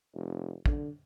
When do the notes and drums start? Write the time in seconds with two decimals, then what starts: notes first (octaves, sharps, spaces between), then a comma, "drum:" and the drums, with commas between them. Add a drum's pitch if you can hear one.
0.14 F1
0.66 D3, drum: kick